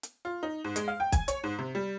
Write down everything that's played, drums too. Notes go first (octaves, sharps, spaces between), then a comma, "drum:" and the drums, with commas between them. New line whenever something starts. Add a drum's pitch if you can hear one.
drum: hi-hat
F4
D#4
G#2
G#3, drum: hi-hat
F5
G5
G#5, drum: kick, hi-hat
C#5, drum: hi-hat
G#2
C3
G3